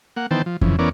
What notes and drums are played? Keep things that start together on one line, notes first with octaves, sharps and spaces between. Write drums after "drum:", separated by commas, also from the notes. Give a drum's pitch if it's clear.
A#3 F#5
D#3 E3 B3 C5 G5 A5
F3
F2 C#3 E3, drum: kick F2
E3 B3 C#4 A#4 D5